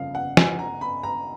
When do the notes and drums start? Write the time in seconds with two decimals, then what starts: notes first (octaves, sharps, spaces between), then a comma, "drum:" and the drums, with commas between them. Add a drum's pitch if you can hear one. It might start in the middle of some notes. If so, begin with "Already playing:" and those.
Already playing: G1 F2 C#3 F3 F5
0.15 F#5
0.37 G#5, drum: snare
0.59 A#5
0.81 B5
1.03 A#5